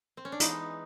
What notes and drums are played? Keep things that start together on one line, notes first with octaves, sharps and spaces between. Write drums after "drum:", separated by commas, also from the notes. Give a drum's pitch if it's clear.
C4
C#4
D4
E3 G#3 B3 D#4, drum: hi-hat